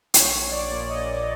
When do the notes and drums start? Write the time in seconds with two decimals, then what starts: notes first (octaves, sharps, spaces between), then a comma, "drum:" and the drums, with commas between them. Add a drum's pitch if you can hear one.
0.14 A#1 C#5, drum: hi-hat
0.33 A#1
0.51 A#1 D5
0.71 A#2
0.89 A#2 D#5
1.09 A#2